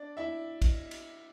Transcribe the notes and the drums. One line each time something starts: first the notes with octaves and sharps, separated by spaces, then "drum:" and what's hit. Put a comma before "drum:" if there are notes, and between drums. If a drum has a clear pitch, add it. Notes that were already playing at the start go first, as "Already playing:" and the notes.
Already playing: D4 D5
E4 E5
drum: kick, cymbal
drum: cymbal